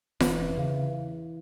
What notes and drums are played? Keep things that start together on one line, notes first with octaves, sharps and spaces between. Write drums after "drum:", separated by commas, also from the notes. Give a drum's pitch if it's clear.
E1 E3, drum: snare F4
C#3